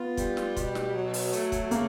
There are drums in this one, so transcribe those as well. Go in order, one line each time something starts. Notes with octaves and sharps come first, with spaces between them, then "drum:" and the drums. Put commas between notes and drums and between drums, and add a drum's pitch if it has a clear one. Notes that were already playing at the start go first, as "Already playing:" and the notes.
Already playing: B3 F4
G3, drum: kick, hi-hat
drum: snare
B2, drum: kick, hi-hat
drum: snare
F#3
drum: open hi-hat
A3, drum: hi-hat
drum: kick, hi-hat
C#3 A#3, drum: hi-hat